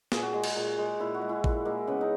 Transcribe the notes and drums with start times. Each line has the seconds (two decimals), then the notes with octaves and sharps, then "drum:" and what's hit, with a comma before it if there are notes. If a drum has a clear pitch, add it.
0.12 A#2 G#4, drum: snare
0.22 F#4
0.33 G#3 G#4
0.44 drum: cymbal
0.56 A#2
0.78 G#3
1.00 A#2 E4
1.14 F#4
1.21 G#3
1.29 E4
1.44 A#2, drum: kick A1
1.65 G#3 A#3
1.88 C#3 B3
2.01 D#4